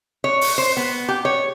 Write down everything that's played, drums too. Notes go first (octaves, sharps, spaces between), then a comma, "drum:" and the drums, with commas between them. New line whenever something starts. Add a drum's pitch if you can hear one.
C#5
drum: open hi-hat
C5
B3
G4
C#5